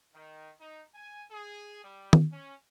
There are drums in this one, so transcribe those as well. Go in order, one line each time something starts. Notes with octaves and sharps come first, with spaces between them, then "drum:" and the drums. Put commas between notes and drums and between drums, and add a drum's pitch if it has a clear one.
D#3
D#4
G#5
G#4
G3
drum: tom
C#4